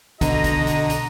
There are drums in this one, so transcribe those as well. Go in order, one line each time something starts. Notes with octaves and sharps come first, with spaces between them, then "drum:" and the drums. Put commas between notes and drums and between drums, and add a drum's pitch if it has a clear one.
B2 D3 F#4 D#5 A#5, drum: kick, hi-hat
drum: kick, hi-hat
drum: hi-hat
drum: hi-hat